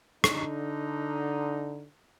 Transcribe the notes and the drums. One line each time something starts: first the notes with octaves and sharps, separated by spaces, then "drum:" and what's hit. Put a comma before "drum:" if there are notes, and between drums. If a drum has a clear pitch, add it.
D3 D#4, drum: rim click